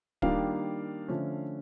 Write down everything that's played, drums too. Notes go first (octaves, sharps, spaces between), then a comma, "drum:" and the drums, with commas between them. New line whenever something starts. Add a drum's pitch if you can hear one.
D#3 G3 A#3 D4 F4 F5, drum: kick
D3 F3 A3 C#4